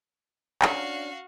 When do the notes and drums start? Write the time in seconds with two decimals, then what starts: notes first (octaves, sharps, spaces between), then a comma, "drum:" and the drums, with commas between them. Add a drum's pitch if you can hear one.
0.62 C#4 D4 F#4 F5, drum: clap